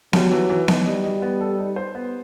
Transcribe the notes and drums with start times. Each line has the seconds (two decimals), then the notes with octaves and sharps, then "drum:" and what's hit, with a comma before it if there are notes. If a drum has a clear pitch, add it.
0.13 F#3 G3, drum: snare B3
0.31 E3
0.50 E3
0.68 D#4, drum: snare B3
0.86 G3 D#4
1.04 D#5
1.22 B3
1.41 A4
1.58 D#4
1.76 C5
1.95 B3